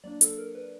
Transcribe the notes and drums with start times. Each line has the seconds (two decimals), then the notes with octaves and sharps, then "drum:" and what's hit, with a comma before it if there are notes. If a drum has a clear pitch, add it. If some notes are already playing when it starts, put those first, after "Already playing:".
0.04 F#3 A#3 D4 D5
0.21 A4, drum: hi-hat
0.38 A#4
0.55 B4